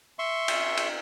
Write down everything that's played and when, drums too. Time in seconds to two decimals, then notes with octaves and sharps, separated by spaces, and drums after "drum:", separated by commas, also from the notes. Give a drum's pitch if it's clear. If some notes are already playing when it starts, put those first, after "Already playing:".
0.19 E5 C6 C#6
0.48 drum: cymbal
0.77 drum: cymbal